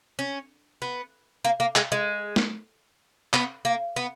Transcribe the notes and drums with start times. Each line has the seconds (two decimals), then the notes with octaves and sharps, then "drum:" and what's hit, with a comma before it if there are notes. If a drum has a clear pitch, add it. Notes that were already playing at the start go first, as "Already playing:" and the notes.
0.19 C#4
0.82 B3
1.45 A#3
1.60 A#3
1.76 G#3, drum: clap
1.92 G#3
2.36 drum: snare
3.34 B3, drum: clap
3.65 A#3
3.96 B3